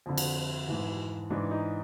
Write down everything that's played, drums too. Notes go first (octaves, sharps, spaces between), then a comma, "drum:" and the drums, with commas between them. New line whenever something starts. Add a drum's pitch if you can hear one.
F2 D3
drum: cymbal
G#2 E3
G#2 E3 D4
D#4